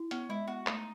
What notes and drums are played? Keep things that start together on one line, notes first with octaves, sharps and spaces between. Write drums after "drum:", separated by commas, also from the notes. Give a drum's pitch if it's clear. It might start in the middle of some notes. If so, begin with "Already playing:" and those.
Already playing: E4
B3 C#4, drum: hi-hat
G#3 E4
B3 F#4
A3 D#4, drum: clap